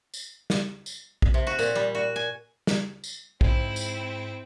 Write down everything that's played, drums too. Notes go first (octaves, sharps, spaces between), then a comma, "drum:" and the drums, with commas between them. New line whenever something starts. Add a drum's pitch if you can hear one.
drum: tambourine
drum: snare
drum: tambourine
drum: kick
C3
F#4
A#2, drum: tambourine
G3
F#4
G#5
drum: snare
drum: tambourine
G#2 C4 E4, drum: kick
drum: tambourine